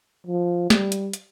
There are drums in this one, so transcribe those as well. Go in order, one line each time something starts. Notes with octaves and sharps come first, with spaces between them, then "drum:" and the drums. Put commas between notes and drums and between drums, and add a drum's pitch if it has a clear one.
F3
G3, drum: snare
drum: hi-hat
drum: hi-hat